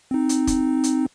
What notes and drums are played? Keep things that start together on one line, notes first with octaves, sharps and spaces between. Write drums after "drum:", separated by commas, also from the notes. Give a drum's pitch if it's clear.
C4 D#4
drum: hi-hat
drum: kick, hi-hat
drum: hi-hat